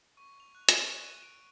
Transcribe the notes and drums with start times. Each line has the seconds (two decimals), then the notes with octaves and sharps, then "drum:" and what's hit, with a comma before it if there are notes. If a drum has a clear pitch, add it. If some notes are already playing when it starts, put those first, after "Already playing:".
0.17 C#6
0.40 F7
0.55 F#6
0.69 D#7, drum: hi-hat
1.23 D7